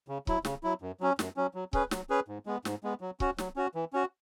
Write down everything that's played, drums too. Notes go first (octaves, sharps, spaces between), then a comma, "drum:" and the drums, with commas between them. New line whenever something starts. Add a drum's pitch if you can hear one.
C#3
F#3 E4, drum: kick C#1
C#3, drum: snare
F#3 E4
F#2
F#3 C#4
F#2, drum: snare
F#3 C#4
F#3
C#4 G#4 B4, drum: kick C#1
F#3, drum: snare
C#4 G#4 B4
G#2
G#3 B3
G#2, drum: snare
G#3 B3
F#3
C#4 F#4, drum: kick C#1
F#3, drum: snare
C#4 F#4
E3
C#4 F#4